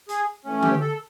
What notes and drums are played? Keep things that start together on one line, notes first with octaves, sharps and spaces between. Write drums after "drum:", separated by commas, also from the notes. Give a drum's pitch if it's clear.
G#4, drum: hi-hat
E3 A3 C#4
G4, drum: tom D3
A4